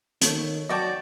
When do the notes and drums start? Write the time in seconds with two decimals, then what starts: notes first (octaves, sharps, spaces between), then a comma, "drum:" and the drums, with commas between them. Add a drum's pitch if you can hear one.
0.21 D#3 A3 A#3 C#5, drum: hi-hat
0.69 F#3 F#4 D5 D#5 G5 A5 C#6